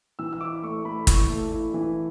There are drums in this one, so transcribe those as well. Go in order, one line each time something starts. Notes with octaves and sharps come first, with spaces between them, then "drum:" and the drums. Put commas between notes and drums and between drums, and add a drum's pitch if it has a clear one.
E3 E6
E6
E4 D6
A3 C#6
A3 B5
E4 C#6, drum: kick, hi-hat
A3
E4
E3